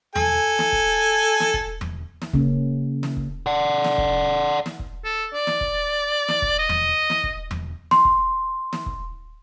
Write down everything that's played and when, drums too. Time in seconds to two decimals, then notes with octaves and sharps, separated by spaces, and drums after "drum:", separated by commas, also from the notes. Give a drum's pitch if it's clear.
0.15 A4 G#5, drum: tom E2
0.59 drum: snare
0.72 drum: kick
1.40 drum: snare
1.54 drum: kick
1.81 drum: tom E2
2.22 drum: snare
2.34 C#3 A#3 C#4, drum: kick
3.03 drum: snare
3.17 drum: kick
3.47 D5 F#5
3.84 drum: snare
3.98 drum: kick
4.66 drum: snare
4.79 drum: kick
5.04 A4
5.34 D5
5.47 drum: snare
5.61 drum: kick
6.29 drum: snare
6.42 drum: kick
6.59 D#5
6.69 drum: tom E2
7.10 drum: snare
7.23 drum: kick
7.51 drum: tom E2
7.91 C6, drum: snare
8.05 drum: kick
8.73 drum: snare
8.86 drum: kick